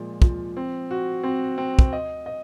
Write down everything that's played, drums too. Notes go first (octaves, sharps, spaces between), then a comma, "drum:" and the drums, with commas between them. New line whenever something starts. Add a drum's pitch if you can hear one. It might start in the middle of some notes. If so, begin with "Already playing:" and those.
Already playing: A#2 F3 G#3
F3, drum: kick
C4
F#4
C4
C4
drum: kick
D#5
D#5